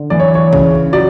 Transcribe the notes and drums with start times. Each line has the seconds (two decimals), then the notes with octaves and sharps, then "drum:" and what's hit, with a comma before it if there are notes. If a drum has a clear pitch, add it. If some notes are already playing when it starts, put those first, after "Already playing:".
Already playing: D3
0.10 E3 D5
0.20 C#5
0.35 C#5
0.53 C#3, drum: kick A#1
0.93 F#3 D5